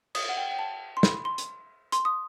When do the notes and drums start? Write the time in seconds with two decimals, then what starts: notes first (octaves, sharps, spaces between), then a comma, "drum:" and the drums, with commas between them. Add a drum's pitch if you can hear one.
0.15 D#6, drum: cymbal
0.29 F#5
0.37 G5
0.52 G5
0.59 A5
0.97 C6
1.03 B5, drum: snare
1.25 C6
1.38 drum: hi-hat
1.92 C6, drum: hi-hat
2.05 D#6